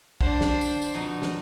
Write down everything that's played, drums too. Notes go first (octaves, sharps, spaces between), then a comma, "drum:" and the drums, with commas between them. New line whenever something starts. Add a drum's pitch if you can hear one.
D3 D4 C5, drum: kick
drum: snare
drum: tambourine
drum: tambourine
F2 B2 D#4
drum: snare